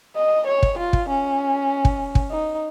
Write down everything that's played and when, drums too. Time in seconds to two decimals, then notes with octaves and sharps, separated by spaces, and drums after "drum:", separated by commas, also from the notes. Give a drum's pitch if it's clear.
0.16 D#5
0.47 C#5
0.63 drum: kick
0.78 F4
0.93 drum: kick
1.09 C#4
1.85 drum: kick
2.15 drum: kick
2.31 D#4